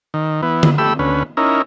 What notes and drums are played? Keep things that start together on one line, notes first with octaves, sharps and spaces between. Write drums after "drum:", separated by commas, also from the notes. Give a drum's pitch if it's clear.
D#3
E3 B3
drum: tom D3
A3 G4 B5 E6
D2 C#4 B4
C#4 D#4 E4 A#4